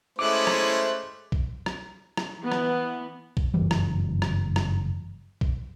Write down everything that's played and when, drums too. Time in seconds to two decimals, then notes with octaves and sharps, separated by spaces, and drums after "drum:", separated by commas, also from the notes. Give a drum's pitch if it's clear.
0.19 G#3 A3 C#4 E4 C5 D6 F#6
0.47 drum: rim click
1.32 drum: kick A#1
1.66 drum: rim click
2.17 drum: rim click
2.41 E3 B3
2.52 drum: rim click
3.37 drum: kick A#1
3.54 F#1 G2 E3 G3
3.71 drum: rim click
4.22 drum: rim click
4.56 drum: rim click
5.41 drum: kick A#1